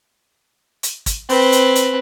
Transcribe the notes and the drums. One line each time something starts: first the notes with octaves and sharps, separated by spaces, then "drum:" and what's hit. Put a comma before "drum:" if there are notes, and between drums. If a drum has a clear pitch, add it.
drum: hi-hat
drum: kick, hi-hat
C4 B4, drum: open hi-hat
drum: hi-hat
drum: hi-hat